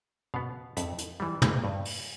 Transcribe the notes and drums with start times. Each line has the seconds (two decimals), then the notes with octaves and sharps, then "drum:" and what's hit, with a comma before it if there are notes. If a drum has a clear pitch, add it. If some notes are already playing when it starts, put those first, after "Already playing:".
0.34 B2 B3 F5
0.77 F2 E5, drum: hi-hat
0.98 drum: hi-hat
1.20 E3 G3
1.42 drum: tom
1.64 G2
1.85 drum: open hi-hat